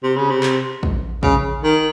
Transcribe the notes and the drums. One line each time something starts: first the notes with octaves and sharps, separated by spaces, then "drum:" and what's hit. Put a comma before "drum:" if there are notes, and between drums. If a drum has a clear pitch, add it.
C3
C#3
C3
drum: clap
drum: kick
C#3, drum: kick
D#3